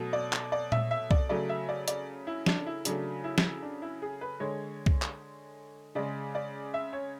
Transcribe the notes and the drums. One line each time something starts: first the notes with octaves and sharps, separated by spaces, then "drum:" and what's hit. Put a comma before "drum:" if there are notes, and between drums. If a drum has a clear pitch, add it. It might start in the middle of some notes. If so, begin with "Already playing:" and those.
Already playing: B2 F#3 A3
D5
drum: clap
D5
E5, drum: tom A#2
E5
D5, drum: kick C2
C#3 F#3 A3 D5
E5
D5
D5, drum: hi-hat
E4
D4, drum: snare
E4
C#3 F#3 A3 D4, drum: hi-hat
E4
drum: snare
D4
E4
G#4
B4
D3 G#3 C#5
drum: kick C2
drum: clap
C#3 G#3 D5
D5
E5
C#5